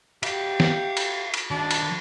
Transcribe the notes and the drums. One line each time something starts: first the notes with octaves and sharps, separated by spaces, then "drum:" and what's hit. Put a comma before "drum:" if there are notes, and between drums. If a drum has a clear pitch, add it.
G4 E5 F5, drum: cymbal
drum: snare
drum: cymbal
drum: cymbal
D#3 D4 F#4
drum: cymbal